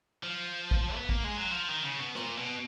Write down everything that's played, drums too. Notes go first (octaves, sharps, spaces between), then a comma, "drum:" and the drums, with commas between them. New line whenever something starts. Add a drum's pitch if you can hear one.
F3
drum: kick
B3
A#3, drum: kick
G#3
F#3
F3
D#3
C#3
B2
A#2, drum: rim click
B2